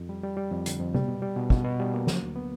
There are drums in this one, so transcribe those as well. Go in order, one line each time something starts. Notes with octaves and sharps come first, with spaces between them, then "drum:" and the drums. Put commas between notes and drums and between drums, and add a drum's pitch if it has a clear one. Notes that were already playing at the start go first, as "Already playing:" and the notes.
Already playing: F2
G3
G3
G3
F2
D3, drum: hi-hat
F2
G3, drum: tom C3
B2
G3
B2
B2, drum: kick
B2
G3
A#3
F#3, drum: snare
D2
B3